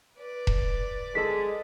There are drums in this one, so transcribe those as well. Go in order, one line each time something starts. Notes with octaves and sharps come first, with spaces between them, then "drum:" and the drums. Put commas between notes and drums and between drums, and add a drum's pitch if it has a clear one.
B4 D5
drum: kick E1
G#3 A4 B6